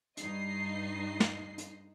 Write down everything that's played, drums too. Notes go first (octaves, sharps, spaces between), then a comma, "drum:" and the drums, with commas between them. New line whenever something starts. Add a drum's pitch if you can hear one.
G2 D#4 D#5 C7, drum: hi-hat
drum: snare
drum: hi-hat